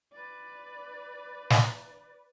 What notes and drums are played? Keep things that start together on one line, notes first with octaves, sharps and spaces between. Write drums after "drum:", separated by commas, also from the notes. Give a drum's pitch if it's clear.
B4 D5
drum: snare